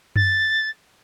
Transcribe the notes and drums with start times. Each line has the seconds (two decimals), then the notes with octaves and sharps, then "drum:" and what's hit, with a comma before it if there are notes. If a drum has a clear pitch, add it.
0.16 A6, drum: tom F#2